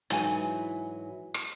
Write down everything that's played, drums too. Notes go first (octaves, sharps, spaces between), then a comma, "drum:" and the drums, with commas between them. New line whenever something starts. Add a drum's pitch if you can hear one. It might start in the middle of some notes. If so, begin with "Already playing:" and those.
G#2 E3 F#3 E4 G#5, drum: hi-hat
drum: rim click